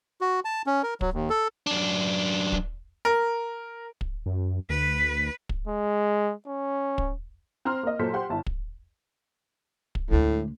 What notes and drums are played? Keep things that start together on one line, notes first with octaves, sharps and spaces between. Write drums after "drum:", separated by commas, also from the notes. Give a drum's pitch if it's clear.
F#4
A5
C#4
A#4
F#3, drum: kick
D#2
A4
F#2 D4
drum: kick
A#4
drum: kick
F#2
D2 B4
drum: kick
G#3
C#4
drum: kick
C4 A#5 C6 F6
A#3 D#5
A#2 F#3 A4 C5 B6
G4 C5 F#5 C6
G1 E4 A5
drum: kick
drum: kick
D2 A2 G#3